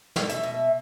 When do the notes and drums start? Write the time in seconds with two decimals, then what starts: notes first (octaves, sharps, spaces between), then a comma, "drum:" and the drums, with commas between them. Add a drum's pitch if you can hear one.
0.16 B2, drum: snare
0.30 E5, drum: hi-hat
0.43 B2